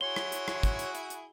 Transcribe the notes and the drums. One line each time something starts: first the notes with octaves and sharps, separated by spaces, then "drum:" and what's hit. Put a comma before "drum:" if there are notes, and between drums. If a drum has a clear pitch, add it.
E4 F#4 G#4 C#5 C6 G7
drum: rim click
drum: hi-hat
drum: rim click
drum: kick, hi-hat
drum: hi-hat
drum: hi-hat
drum: hi-hat